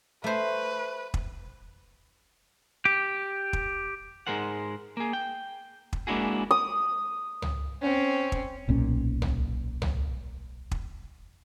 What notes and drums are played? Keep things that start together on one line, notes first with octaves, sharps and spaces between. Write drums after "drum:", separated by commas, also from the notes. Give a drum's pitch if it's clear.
A3 B4 C5
drum: kick
G4
drum: kick
G#2 F3 G#3 A#4 C5 F#5
A#3 G#4
G5
drum: kick
G#3 A#3 D4 E4 F#4 G#4
D#6
drum: tom C#2
C4 C#4
drum: kick
D1 B1 A#2 C#4
drum: tom C#2
drum: tom C#2
drum: kick